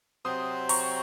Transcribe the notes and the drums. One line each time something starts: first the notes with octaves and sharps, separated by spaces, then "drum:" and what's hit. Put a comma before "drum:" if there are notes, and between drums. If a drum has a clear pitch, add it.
C3 F#3 C4 C6 D#6
A#5 C#6, drum: open hi-hat